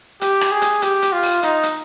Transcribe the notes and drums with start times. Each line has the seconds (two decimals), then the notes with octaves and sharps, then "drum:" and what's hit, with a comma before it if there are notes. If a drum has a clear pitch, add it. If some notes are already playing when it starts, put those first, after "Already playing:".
0.21 G4, drum: hi-hat
0.41 drum: rim click
0.51 G#4
0.62 drum: hi-hat
0.82 G4, drum: hi-hat
1.02 drum: hi-hat
1.12 F4
1.23 drum: open hi-hat
1.43 D#4, drum: hi-hat
1.63 drum: hi-hat